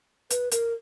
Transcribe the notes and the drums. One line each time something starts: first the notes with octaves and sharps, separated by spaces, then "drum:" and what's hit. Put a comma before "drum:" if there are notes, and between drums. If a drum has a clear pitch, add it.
B4, drum: hi-hat
A#4, drum: hi-hat